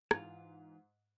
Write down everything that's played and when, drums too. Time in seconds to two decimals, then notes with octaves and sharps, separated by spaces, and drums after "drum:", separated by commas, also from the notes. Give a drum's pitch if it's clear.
0.11 G#2 E3 F4, drum: rim click